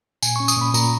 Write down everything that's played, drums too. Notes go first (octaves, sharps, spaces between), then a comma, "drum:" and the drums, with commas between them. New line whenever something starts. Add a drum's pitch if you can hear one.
A#2 G#5, drum: tambourine
C#4 C#6
D#6, drum: tambourine
A#2 B5
A#2 A#5, drum: tambourine